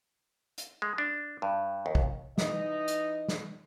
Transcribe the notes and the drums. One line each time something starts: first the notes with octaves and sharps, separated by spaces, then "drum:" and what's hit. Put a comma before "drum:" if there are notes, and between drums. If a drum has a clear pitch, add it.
drum: hi-hat
G#3
D4
G2
D#2
drum: kick
E3 D#4 D#5, drum: snare
drum: hi-hat
drum: snare